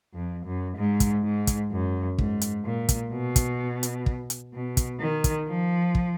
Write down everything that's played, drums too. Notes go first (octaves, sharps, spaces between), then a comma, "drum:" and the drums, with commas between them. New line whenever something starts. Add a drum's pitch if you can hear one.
F2
F#2
G#2
drum: kick, hi-hat
G#2
drum: kick, hi-hat
F#2
G#2, drum: kick
drum: hi-hat
A#2
drum: kick, hi-hat
B2
drum: kick, hi-hat
drum: hi-hat
drum: kick
drum: hi-hat
B2
drum: kick, hi-hat
D#3
drum: kick, hi-hat
F3
drum: kick